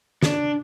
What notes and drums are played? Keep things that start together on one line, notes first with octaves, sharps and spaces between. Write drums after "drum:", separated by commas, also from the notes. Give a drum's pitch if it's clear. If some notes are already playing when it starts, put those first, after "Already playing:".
D4, drum: snare